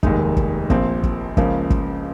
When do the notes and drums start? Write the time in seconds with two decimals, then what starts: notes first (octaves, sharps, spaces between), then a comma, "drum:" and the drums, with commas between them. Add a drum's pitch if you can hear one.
0.03 F1 D#2 D#3 G#3 D#4, drum: kick
0.36 drum: kick
0.70 A#1 A#2 F3 C4, drum: kick
1.03 drum: kick
1.37 C#2 C#3 F3 A#3, drum: kick
1.70 drum: kick